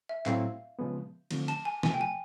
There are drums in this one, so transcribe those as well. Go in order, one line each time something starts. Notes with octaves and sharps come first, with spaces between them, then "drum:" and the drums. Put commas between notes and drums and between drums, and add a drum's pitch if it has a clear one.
E5
A2 F#3 A3 C4 E4 F5, drum: clap
C#3 F3 G#3 B3
D3 F3 A3 C4, drum: cymbal
A5, drum: hi-hat
G#5
C3 F3 A3 G#5, drum: snare
G5
G#5